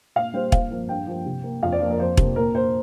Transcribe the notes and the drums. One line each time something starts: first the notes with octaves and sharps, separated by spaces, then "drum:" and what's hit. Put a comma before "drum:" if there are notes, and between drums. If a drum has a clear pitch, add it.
A#2 F5
G3 A#3 C5
A#2 F5, drum: kick E1
F3 A#3
G2 G5
F3 A#3
C3
A#3
F2 F5
D5
F3 A#3
A#4
F2 C5
C3 A#3, drum: kick E1
A#2 A#4
A#3 C5